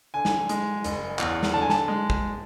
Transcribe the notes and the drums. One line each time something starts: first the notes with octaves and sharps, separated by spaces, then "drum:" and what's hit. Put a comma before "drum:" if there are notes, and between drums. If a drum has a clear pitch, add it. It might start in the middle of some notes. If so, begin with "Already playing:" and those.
D3 G#5
drum: snare
G#3, drum: hi-hat
F#1, drum: hi-hat
E2, drum: clap
drum: snare
D3 A5
G#5
A5, drum: snare
G#3
drum: kick